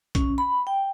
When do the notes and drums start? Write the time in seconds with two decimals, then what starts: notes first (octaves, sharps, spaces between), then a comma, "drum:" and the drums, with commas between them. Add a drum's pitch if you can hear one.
0.15 C#4, drum: kick, hi-hat
0.38 B5
0.67 G5